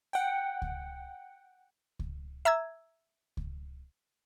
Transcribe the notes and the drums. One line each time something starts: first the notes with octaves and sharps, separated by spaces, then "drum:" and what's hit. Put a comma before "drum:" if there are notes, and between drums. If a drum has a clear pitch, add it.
F#5 G5
drum: kick C#2
drum: kick C#2
E5 A#5 E6 G#6
drum: kick C#2